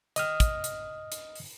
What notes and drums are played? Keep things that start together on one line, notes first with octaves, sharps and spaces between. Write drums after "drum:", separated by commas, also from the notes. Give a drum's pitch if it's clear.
D#5 D#6 F6, drum: hi-hat
drum: kick, hi-hat
drum: hi-hat
drum: hi-hat
drum: open hi-hat